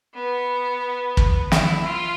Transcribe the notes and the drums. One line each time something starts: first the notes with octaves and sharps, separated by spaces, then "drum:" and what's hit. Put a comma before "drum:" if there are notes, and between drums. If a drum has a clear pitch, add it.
B3
drum: kick
E4, drum: snare
F4